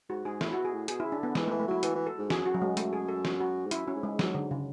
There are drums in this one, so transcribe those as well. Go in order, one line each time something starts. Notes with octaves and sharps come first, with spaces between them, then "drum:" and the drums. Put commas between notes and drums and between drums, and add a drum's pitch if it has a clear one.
G#2 F#4
G#2 G#4
A2 E4, drum: snare
F#4
B2
G#4
A2
B2 G#4, drum: hi-hat
E4
C#3
D4
D3 B3
E3 G#3, drum: snare
A3
E3
A3
F#3 E4
E3 F#4, drum: hi-hat
E3
A4
G#2
F#2 G#4, drum: snare
F#4
F#3
G#3
A3, drum: hi-hat
G#4
A4
drum: snare
F#4
G#2
F#2 E4, drum: hi-hat
F#2 C#4
G#2
G#3
F#3, drum: snare
D3
C#3